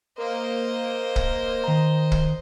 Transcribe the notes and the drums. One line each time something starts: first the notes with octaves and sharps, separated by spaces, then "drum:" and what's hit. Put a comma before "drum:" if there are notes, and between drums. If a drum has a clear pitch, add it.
A#3 C5 D#5
drum: kick
D#3 A#5
drum: kick